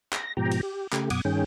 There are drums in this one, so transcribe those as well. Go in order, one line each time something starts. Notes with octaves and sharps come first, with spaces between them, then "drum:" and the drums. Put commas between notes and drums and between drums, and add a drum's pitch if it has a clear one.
A#6, drum: clap
G#2 B2 F3 G4 G5 A#5
drum: cymbal
G4
C#3 A3 G4, drum: clap
F#2 B2 F#5 D6 D#6 G#6, drum: cymbal
G2 D#3 C#4 G#4 G5